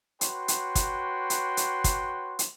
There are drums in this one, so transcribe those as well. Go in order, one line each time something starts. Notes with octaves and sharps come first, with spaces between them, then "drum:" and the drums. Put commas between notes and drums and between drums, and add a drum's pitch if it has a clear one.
F#4 B4 C#5 G5 C6, drum: hi-hat
drum: hi-hat
drum: kick, hi-hat
drum: hi-hat
drum: hi-hat
drum: kick, hi-hat
drum: hi-hat